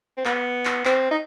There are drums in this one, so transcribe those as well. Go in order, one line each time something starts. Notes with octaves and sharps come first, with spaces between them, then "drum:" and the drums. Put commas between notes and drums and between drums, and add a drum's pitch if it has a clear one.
C4
B3, drum: clap
drum: clap
C4, drum: clap
D#4